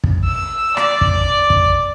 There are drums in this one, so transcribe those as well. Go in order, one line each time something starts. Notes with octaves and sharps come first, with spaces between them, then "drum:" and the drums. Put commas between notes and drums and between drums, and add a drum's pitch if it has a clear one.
drum: kick
E6
D5, drum: rim click
drum: kick
drum: kick